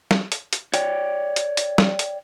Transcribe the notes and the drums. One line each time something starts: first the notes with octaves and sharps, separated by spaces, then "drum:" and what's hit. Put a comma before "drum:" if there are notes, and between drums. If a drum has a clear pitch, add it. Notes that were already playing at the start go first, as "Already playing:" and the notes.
drum: snare
drum: hi-hat
drum: hi-hat
C#5 D5 G5, drum: hi-hat
drum: hi-hat
drum: hi-hat
drum: snare
drum: hi-hat